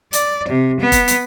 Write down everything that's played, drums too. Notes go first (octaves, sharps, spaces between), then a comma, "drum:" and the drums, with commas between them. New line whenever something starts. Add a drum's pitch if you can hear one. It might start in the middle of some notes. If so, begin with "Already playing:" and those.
D5, drum: hi-hat
C3
B3
drum: kick, hi-hat
drum: hi-hat